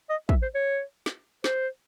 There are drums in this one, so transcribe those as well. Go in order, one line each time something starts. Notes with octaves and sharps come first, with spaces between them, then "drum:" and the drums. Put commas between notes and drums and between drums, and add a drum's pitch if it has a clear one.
D#5
E5, drum: kick
C5
C#5
drum: snare
C5, drum: snare